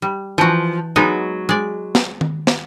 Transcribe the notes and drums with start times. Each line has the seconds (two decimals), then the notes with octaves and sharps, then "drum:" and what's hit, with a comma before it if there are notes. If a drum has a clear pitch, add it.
0.02 G3
0.38 E3 F3 F#4
0.96 F#3 G#3 B3 D#4
1.49 G#3 D5
1.95 drum: snare
2.21 drum: tom D#3
2.47 drum: snare